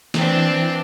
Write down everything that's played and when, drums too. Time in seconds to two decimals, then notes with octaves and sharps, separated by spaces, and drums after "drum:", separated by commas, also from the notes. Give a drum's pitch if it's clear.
0.14 E3 C4 D4, drum: snare